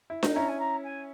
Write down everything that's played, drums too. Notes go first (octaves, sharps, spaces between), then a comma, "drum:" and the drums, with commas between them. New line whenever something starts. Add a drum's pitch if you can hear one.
E4
D#4, drum: snare D4
C#4 E4 A#5
G#5
A#5
G#5